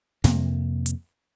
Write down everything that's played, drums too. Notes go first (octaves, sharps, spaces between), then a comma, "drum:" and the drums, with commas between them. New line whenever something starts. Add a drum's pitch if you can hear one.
F2 C3 A#3, drum: snare
drum: hi-hat